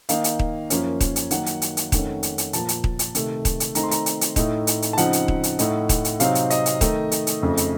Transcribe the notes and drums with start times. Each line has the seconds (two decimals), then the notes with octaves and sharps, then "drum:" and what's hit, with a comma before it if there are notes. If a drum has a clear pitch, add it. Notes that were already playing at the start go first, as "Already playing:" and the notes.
0.09 D#3 A#3 D#4 F5, drum: hi-hat
0.24 drum: hi-hat
0.39 drum: kick D#1
0.70 F#2 F3 A#3 C#4, drum: hi-hat
1.00 drum: kick D#1, hi-hat
1.16 drum: hi-hat
1.31 D#3 F#3 A#3 F#5, drum: hi-hat
1.46 drum: hi-hat
1.62 drum: hi-hat
1.77 drum: hi-hat
1.92 F2 D#3 A3 C#4, drum: kick D#1, hi-hat
2.23 drum: hi-hat
2.38 drum: hi-hat
2.53 A#2 F3 A#3 A5, drum: hi-hat
2.69 drum: hi-hat
2.84 drum: kick D#1
2.99 drum: hi-hat
3.15 C3 D#3 A3, drum: hi-hat
3.45 drum: kick D#1, hi-hat
3.60 drum: hi-hat
3.75 D#3 A3 C4 D#4 A#5, drum: hi-hat
3.83 C6
3.91 A#5, drum: hi-hat
4.06 drum: hi-hat
4.21 drum: hi-hat
4.36 A2 A3 D#4, drum: kick D#1, hi-hat
4.67 drum: hi-hat
4.82 drum: hi-hat
4.93 A5
4.98 C#3 F3 C4 D#4 F#5, drum: hi-hat
5.13 drum: hi-hat
5.28 drum: kick D#1
5.43 drum: hi-hat
5.59 A2 A3 D#4, drum: hi-hat
5.89 drum: kick D#1, hi-hat
6.05 drum: hi-hat
6.20 C3 F#3 C4 D#4 F5, drum: hi-hat
6.35 drum: hi-hat
6.50 D#5, drum: hi-hat
6.66 drum: hi-hat
6.81 D#3 A3 D#4, drum: kick D#1, hi-hat
7.12 drum: hi-hat
7.27 drum: hi-hat
7.42 F2 C#3 A3
7.57 drum: hi-hat